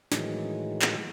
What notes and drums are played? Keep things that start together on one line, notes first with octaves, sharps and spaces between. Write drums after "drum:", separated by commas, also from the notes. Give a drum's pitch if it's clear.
A2 D#3 E3 F#3 G#3, drum: snare
drum: clap